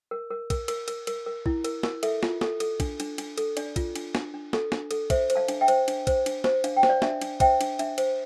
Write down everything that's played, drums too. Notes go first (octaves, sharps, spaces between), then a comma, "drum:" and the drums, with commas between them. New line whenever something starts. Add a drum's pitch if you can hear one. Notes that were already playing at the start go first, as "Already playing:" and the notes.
A#4
A#4
A#4, drum: kick, cymbal
A#4, drum: cymbal
A#4, drum: cymbal
A#4, drum: cymbal
A#4
E4, drum: kick
A#4, drum: cymbal
A#4, drum: snare
A4 E5, drum: cymbal
F4, drum: snare
A4, drum: snare
A4, drum: cymbal
D4, drum: kick, cymbal
D4, drum: cymbal
D4, drum: cymbal
A4, drum: cymbal
D4 D5, drum: cymbal
F4, drum: kick, cymbal
D4, drum: cymbal
D4, drum: snare
D4
A4, drum: snare
D4, drum: snare
A4, drum: cymbal
C5 E5, drum: kick, cymbal
C5, drum: cymbal
F5 A5
D4, drum: cymbal
E5 G5
C5, drum: cymbal
D4, drum: cymbal
C5, drum: kick, cymbal
D4, drum: cymbal
C5, drum: snare
D4 F5, drum: cymbal
G5
C5, drum: snare
D5 F5
D4 E5, drum: snare
D4, drum: cymbal
C5 E5 G5, drum: kick, cymbal
D4, drum: cymbal
D4 E5, drum: cymbal
C5, drum: cymbal